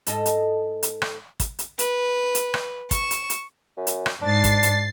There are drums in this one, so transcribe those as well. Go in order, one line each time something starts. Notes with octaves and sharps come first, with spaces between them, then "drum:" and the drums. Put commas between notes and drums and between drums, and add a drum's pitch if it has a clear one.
G#2 A4 D#5, drum: hi-hat
drum: hi-hat
drum: hi-hat
drum: rim click
drum: kick, hi-hat
drum: hi-hat
B4, drum: hi-hat
drum: hi-hat
drum: rim click
C#6 E7, drum: kick, hi-hat
drum: hi-hat
drum: hi-hat
F#2
drum: hi-hat
drum: rim click
G#2 D4 A6 C7
drum: kick, hi-hat
drum: hi-hat